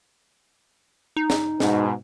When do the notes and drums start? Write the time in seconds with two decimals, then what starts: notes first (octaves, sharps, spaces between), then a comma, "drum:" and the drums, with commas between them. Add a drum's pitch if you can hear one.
1.17 D#4
1.30 drum: snare
1.60 G#2 B2, drum: snare